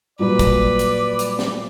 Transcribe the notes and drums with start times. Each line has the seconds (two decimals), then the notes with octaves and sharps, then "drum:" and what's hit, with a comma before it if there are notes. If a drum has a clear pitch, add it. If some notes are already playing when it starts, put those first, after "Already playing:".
0.19 A#2 F#3 G3 B4 D5
0.39 drum: kick, hi-hat
0.79 drum: hi-hat
1.19 drum: hi-hat
1.39 drum: snare